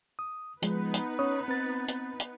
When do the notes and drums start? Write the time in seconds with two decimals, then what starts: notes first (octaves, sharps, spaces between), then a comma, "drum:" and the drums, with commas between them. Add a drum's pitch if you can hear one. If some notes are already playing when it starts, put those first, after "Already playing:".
0.19 D#6
0.62 F3 G#3 B3 D#4 B4, drum: hi-hat
0.94 drum: hi-hat
1.19 C#4 C#5 D#6
1.48 C4 A6
1.88 drum: hi-hat
2.20 drum: hi-hat